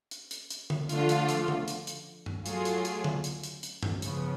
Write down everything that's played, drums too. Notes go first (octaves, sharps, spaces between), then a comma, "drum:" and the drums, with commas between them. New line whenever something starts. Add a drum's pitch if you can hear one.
drum: hi-hat
drum: hi-hat
drum: hi-hat
drum: tom D3
D3 F3 A3 F4, drum: hi-hat
drum: hi-hat
drum: hi-hat
drum: tom D3
drum: hi-hat
drum: hi-hat
drum: tom G2
F#3 A3 F4 G#4, drum: hi-hat
drum: hi-hat
drum: hi-hat
drum: tom D3
drum: hi-hat
drum: hi-hat
drum: hi-hat
drum: tom G2
C#3 F3 B3, drum: hi-hat